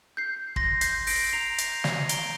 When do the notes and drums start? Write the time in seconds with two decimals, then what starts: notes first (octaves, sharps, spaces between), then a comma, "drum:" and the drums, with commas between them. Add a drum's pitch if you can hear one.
0.17 G6 C7
0.56 C6 A#6, drum: kick
0.81 G6 C7, drum: hi-hat
0.95 G6
1.07 A#6 D7, drum: open hi-hat
1.33 A#5 C7 F7
1.58 drum: hi-hat
1.72 G6
1.84 drum: snare
2.09 A#5 D7 G7, drum: hi-hat